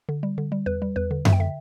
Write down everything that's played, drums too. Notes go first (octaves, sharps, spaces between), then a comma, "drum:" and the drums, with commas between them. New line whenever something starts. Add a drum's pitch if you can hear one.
D3
G3
D3
G3
E2 B4
G3
E2 B4
D3
D3 E5, drum: tom F#2
G5
D3 E5